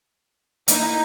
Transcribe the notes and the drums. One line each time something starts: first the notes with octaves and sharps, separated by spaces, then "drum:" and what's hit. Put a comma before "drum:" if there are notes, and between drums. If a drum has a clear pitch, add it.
A#3 D#4 E4, drum: hi-hat